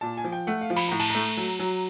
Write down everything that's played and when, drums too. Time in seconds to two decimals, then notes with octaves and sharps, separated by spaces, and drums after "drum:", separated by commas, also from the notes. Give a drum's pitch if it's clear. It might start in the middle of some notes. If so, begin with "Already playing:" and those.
0.01 A#2 A5
0.17 G#5
0.24 F3
0.32 G5
0.47 A3 F#5
0.61 F5
0.70 F3
0.76 B5, drum: cymbal
0.88 A2 A#5
1.00 A5, drum: cymbal
1.10 A3 A#5
1.37 F#3
1.59 F#3